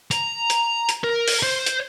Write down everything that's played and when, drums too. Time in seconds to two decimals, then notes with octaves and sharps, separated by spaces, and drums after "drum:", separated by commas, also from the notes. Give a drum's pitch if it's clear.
0.11 A#5, drum: hi-hat
0.50 drum: hi-hat
0.89 drum: hi-hat
1.04 A#4
1.28 drum: open hi-hat
1.43 C5
1.66 drum: hi-hat